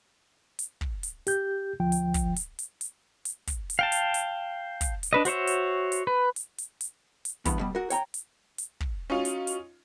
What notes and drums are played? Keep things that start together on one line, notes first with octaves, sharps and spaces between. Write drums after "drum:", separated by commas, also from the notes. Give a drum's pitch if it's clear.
drum: hi-hat
drum: kick
drum: hi-hat
G4 G6, drum: hi-hat
D2 F3 G5
drum: hi-hat
drum: kick, hi-hat
drum: hi-hat
drum: hi-hat
drum: hi-hat
drum: hi-hat
drum: kick, hi-hat
drum: hi-hat
F5 G5 A5
drum: hi-hat
drum: hi-hat
drum: kick, hi-hat
drum: hi-hat
D4 B4 D#5
F#4 C5 C#5 E5, drum: hi-hat
drum: hi-hat
drum: hi-hat
B4
drum: hi-hat
drum: hi-hat
drum: hi-hat
drum: hi-hat
E2 G2 B3, drum: kick, hi-hat
B2 G3
F#4 A#4
C#5 G5 A#5, drum: hi-hat
drum: hi-hat
drum: hi-hat
drum: kick
C#4 D#4 F4 F#4
drum: hi-hat
drum: hi-hat